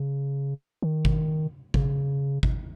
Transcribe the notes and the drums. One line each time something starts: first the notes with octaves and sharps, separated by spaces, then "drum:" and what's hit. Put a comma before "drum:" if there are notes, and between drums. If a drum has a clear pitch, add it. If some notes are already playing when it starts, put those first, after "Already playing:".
Already playing: C#3
D#3
drum: kick G#1
C#3, drum: kick G#1
drum: kick G#1